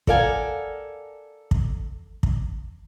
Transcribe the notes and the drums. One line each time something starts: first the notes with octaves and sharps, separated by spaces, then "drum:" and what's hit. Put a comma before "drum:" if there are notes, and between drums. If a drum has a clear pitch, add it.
A4 A#4 D5 F5 F#5 G#5, drum: kick
drum: kick
drum: kick